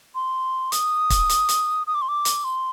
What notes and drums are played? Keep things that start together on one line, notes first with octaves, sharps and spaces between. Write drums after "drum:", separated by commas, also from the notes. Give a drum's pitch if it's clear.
C6
D#6, drum: hi-hat
drum: kick, hi-hat
drum: hi-hat
drum: hi-hat
D#6
D6
C6
D6
drum: hi-hat
C6